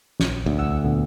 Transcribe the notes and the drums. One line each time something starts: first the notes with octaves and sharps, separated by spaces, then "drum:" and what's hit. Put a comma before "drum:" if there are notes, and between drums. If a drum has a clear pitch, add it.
A#1 A#2, drum: snare
D2
C2 F#5 E6
A#2 D3 B3